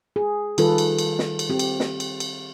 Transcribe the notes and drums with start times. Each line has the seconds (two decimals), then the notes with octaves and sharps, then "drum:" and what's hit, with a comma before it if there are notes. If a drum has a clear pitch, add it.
0.16 G#4
0.58 D#3 G3 F4 A4 B4, drum: cymbal
0.78 drum: cymbal
0.99 drum: cymbal
1.19 drum: snare
1.39 drum: cymbal
1.50 C4 G4
1.59 drum: cymbal
1.80 drum: snare
2.00 drum: cymbal
2.20 drum: cymbal